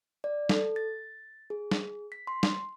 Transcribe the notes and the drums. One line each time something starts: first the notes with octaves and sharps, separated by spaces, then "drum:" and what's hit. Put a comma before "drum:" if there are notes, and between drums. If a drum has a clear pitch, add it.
D5
A4, drum: snare
A6
G#4
drum: snare
B6
C6
drum: snare